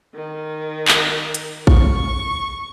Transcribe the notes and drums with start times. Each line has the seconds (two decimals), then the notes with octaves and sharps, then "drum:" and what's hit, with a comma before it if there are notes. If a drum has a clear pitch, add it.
0.14 D#3
0.88 drum: clap
1.34 drum: hi-hat
1.67 C#6, drum: kick A1